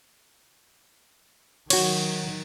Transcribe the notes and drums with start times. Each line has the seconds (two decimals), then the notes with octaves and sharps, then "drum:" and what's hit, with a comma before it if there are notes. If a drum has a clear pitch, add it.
1.70 D#3 F#3 F#4 C#5, drum: cymbal